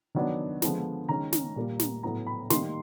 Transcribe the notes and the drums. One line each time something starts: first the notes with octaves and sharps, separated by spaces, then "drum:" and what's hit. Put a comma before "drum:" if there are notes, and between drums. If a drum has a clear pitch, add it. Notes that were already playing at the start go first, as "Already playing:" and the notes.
D#3 F#3 B3 D4
D3 F3 G#3 B3, drum: snare
D#3 G#3 C#4 A#5
drum: snare
A#2 G3 A#3
drum: snare
A2 F#3 B3 E4 A#5
B5
D#3 G3 A#3 D#4 C6, drum: snare